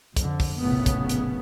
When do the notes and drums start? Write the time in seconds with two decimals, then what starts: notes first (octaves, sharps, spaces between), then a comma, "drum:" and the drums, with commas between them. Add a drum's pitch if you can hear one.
0.16 F2 D3, drum: kick, hi-hat
0.40 drum: kick, open hi-hat
0.60 F1 A#1 A2 C#3 B3
0.86 drum: kick, hi-hat
1.09 drum: hi-hat